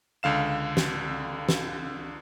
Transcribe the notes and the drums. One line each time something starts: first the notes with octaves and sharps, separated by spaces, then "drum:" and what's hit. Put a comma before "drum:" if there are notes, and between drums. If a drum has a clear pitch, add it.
C#2 D3 F5 E7
drum: snare
drum: snare